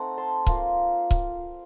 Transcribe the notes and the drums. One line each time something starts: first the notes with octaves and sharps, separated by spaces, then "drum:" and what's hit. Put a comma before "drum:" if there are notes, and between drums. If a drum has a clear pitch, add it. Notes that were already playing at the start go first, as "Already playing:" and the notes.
Already playing: A3 C4 D#4 F#5
A5 C6
A#3 F4, drum: kick C#1
drum: kick C#1